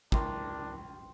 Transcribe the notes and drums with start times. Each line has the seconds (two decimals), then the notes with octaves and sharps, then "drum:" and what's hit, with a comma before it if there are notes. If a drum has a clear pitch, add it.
0.12 C#2 D4 E4 A#4 G5 C6, drum: kick